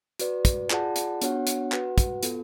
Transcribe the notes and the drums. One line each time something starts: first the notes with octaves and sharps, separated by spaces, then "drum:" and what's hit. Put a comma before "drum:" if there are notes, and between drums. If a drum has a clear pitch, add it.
F#4 B4 D5, drum: hi-hat
drum: kick, hi-hat
F4 G#4 D5 F#5 A5, drum: clap
drum: hi-hat
B3 D4 F#4 C#5 F#5, drum: hi-hat
drum: hi-hat
F#4 B4 F#5, drum: clap
drum: kick, hi-hat
B3 F4 A4, drum: hi-hat